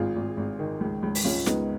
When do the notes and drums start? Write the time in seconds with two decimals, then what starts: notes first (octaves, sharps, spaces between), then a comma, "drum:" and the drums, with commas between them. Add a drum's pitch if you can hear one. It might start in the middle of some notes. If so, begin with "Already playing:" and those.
Already playing: G#1 F4 G#4
0.16 G#1
0.37 G#1
0.59 D#3
0.80 C#2
1.02 C#2
1.15 drum: open hi-hat
1.24 C#2 C#4 F4
1.46 C#2 B3 D#4, drum: snare